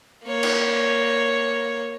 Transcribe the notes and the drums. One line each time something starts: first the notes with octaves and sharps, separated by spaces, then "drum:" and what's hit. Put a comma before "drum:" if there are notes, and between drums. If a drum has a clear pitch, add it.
A#3 C#5
drum: cymbal